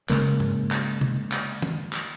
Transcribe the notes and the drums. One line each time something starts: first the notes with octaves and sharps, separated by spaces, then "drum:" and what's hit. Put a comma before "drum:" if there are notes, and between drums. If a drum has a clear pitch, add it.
C#3 G#3 A#3, drum: clap
drum: tom G#2
drum: clap
drum: tom C3
drum: clap
drum: tom
drum: clap